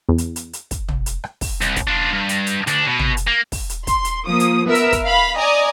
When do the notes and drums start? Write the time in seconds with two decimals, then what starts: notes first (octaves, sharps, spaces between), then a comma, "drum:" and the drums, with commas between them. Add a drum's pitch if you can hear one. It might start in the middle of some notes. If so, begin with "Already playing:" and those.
0.09 E2
0.18 drum: hi-hat
0.36 drum: hi-hat
0.53 drum: hi-hat
0.71 drum: kick, hi-hat
0.88 drum: tom
1.06 drum: hi-hat
1.24 drum: rim click
1.41 drum: kick, open hi-hat
1.61 C2, drum: hi-hat
1.76 drum: kick, hi-hat
1.88 D4 F4
2.13 G2
2.29 drum: hi-hat
2.47 drum: hi-hat
2.67 D2 D4, drum: hi-hat
2.87 B2
2.99 drum: tom
3.17 drum: hi-hat
3.27 A#3
3.52 drum: kick, open hi-hat
3.70 drum: hi-hat
3.87 C6, drum: kick, hi-hat
4.05 drum: hi-hat
4.25 F3 A#3 D#6
4.40 drum: hi-hat
4.65 B3 A#4 E5 E6
4.75 drum: hi-hat
4.92 drum: kick, hi-hat
5.05 F5 B5
5.36 D5 D#5 G#5 A#5 D#6